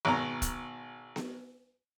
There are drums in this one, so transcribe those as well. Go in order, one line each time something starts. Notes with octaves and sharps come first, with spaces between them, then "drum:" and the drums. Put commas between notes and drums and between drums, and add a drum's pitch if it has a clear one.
G#1 B2 A#5
drum: kick, hi-hat
drum: snare B3